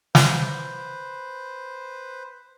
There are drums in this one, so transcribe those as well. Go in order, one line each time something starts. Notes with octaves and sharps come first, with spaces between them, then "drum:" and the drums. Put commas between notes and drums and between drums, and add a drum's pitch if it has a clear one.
B4 C5, drum: snare